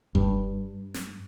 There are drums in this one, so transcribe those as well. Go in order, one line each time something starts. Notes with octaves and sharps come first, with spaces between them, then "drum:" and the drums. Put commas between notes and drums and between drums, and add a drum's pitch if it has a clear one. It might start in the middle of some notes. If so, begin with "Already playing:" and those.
G2, drum: kick F#1
drum: snare